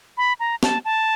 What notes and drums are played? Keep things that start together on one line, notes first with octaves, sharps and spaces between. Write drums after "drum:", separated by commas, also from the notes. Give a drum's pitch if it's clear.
B5
A#5
A5, drum: snare
A5